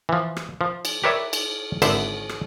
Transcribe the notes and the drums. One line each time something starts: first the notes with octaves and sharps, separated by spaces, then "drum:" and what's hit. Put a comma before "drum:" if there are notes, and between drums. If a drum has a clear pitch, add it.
E3 F3
drum: rim click
F3
drum: cymbal
G4 A#4 B4 C#5 D5 E5
drum: cymbal
G#1 D3 B3 C5 E5, drum: cymbal
drum: rim click